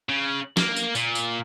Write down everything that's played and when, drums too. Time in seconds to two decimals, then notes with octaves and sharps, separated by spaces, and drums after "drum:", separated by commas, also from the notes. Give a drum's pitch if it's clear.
0.09 C#3
0.57 A#3, drum: snare
0.76 drum: tambourine
0.95 A#2, drum: tambourine
1.15 drum: tambourine